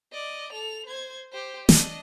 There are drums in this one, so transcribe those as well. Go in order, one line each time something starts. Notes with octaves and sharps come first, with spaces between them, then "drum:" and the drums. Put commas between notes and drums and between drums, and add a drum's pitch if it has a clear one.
D5 D#5
A4 F7
C5 G#6
G4 C5
D4 D#5, drum: snare